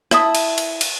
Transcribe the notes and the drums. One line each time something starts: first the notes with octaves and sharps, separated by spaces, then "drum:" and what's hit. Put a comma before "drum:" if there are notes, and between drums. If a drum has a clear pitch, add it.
E4 E5 A5 D#6, drum: rim click
drum: cymbal
drum: cymbal
drum: cymbal